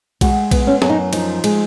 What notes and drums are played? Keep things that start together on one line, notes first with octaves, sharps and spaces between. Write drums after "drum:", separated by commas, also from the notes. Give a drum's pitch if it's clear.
G#3 F#4, drum: kick B1, cymbal
B3, drum: kick B1, cymbal
C#4
F#2, drum: snare
D#4
F3 D#4, drum: cymbal
G#3, drum: cymbal